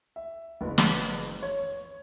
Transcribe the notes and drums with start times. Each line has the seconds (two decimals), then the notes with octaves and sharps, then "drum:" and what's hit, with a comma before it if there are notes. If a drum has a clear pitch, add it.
0.16 E5
0.61 F#1 B3
0.78 drum: snare
1.42 C#5